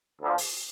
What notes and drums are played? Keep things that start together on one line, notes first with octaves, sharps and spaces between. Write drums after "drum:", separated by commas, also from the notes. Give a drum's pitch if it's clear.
D2 D3 F3
drum: open hi-hat